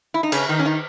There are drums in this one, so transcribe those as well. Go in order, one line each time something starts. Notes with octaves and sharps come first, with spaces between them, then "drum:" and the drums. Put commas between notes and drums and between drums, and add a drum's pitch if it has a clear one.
E4
D#4
C#3 C#4, drum: cymbal
D#3 D#4
C#4
D#3 D#4